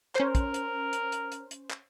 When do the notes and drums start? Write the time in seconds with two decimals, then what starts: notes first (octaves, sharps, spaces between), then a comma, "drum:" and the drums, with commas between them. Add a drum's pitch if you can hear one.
0.15 C#4 A#4 C5, drum: clap
0.35 drum: kick, hi-hat
0.54 drum: hi-hat
0.93 drum: hi-hat
1.12 drum: hi-hat
1.32 drum: hi-hat
1.51 drum: hi-hat
1.70 drum: clap